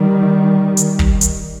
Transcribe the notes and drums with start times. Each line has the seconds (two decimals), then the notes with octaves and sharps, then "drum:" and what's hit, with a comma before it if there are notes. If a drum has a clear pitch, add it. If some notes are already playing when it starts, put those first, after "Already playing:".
Already playing: D#3 G3
0.77 drum: hi-hat
0.99 drum: kick
1.21 drum: hi-hat